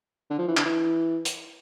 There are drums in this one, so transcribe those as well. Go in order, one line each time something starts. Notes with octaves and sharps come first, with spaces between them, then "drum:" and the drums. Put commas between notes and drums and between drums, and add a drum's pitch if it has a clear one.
D3
F3
E3
D3, drum: clap
E3
drum: hi-hat